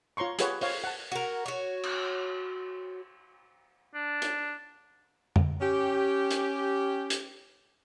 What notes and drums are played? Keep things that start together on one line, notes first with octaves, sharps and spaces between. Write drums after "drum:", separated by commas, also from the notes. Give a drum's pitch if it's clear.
F4 C#5 A#5 C6 C#6
F4 G4 G#4 B4 C#5 F#5, drum: hi-hat
C5 C#5 F5, drum: open hi-hat
F#5 A5
F#4 A#4
F#4 C#5
drum: cymbal
D4
drum: hi-hat
drum: tom
C#4 G4
drum: hi-hat
drum: hi-hat